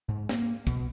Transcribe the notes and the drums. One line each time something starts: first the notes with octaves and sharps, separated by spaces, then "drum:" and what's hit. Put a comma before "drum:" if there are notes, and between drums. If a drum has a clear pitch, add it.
G#2
A#3, drum: snare
B2, drum: kick, hi-hat